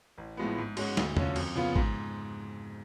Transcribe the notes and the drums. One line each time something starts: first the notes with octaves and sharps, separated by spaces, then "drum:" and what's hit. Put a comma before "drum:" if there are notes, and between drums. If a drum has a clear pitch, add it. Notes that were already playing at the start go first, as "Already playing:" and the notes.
A1
A2 F3 G#3 B3
G#2
G#3 C#4 F#4, drum: cymbal
D2, drum: snare
D3 F#3 C#4 F4, drum: tom E2
F2, drum: cymbal
C#3 F3 B3 F4
G#2, drum: kick G#1